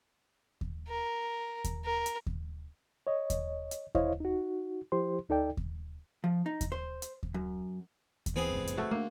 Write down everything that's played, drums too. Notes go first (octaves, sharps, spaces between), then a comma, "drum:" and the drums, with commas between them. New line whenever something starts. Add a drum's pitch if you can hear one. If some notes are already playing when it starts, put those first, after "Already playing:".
drum: kick D#2
A#4
drum: kick D#2, hi-hat
A#4
drum: hi-hat
drum: kick D#2
C#5 D#5
drum: kick D#2, hi-hat
drum: hi-hat
E4 C5 C#5 D#5 F5, drum: kick D#2
D#4 F#4
F3 E4 G4 C5 C6
D2 D#4 A4 D5 G5
drum: kick D#2
F3
D#4
drum: kick D#2, hi-hat
C5
drum: hi-hat
drum: kick D#2
F#2
drum: kick D#2, hi-hat
E3 B3 C4 G#4
F#1 F2 A2
drum: hi-hat
A3 F#4
A3 A#3 D4